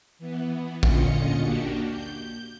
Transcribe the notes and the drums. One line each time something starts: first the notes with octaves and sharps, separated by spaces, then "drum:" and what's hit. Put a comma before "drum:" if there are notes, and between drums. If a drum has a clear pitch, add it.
E3 B3
A#2 D3 C#4 F4 D#5 C#7, drum: kick A1
A#3 D4 F#4 G4
G6